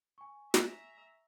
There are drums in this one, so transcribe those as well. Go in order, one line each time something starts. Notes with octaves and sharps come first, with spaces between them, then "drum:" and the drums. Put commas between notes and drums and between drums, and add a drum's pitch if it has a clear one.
G#5 C#6
E5 A#5, drum: snare